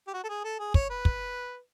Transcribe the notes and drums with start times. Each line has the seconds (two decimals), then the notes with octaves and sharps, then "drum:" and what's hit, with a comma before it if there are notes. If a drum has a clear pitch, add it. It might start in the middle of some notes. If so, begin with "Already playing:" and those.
0.07 G4
0.14 F#4
0.24 A4
0.29 G#4
0.44 A4
0.59 G#4
0.74 C#5, drum: kick
0.90 B4
1.05 drum: kick